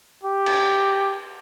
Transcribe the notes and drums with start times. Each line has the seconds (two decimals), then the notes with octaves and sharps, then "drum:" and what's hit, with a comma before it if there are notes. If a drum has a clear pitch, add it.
0.23 G4
0.46 drum: cymbal